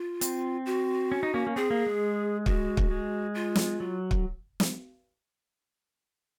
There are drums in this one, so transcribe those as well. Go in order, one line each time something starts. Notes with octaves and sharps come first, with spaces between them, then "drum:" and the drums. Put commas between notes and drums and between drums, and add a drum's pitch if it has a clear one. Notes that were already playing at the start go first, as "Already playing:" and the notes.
Already playing: F4
C4, drum: hi-hat
F#4
C#4
D#4
A#3 C#4
A#3
C4 G#4
A#3
G#3
F#4, drum: kick
drum: kick
G#3
F4
drum: snare
F#3
drum: kick
drum: snare